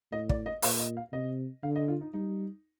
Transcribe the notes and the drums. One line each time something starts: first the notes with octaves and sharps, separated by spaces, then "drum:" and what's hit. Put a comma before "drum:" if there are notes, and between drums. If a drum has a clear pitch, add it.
A2 D#5
D5, drum: kick
D#5
A#2 F5, drum: open hi-hat
D#5
F5
C3 D#5
D3 F5
D#5
F4
D#4
G3 D#4